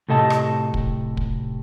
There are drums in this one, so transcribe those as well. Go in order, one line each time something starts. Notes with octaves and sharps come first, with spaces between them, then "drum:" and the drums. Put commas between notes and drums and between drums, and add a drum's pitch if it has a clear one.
A2 C3 A4 D#5 A5
drum: rim click
drum: kick
drum: kick